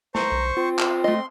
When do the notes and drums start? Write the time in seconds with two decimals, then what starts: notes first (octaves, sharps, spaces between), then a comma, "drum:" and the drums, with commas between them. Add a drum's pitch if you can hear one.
0.15 C5 A#5 C#6, drum: snare
0.32 B1
0.57 C4 F4
0.79 drum: clap
1.04 A3 D#5 C6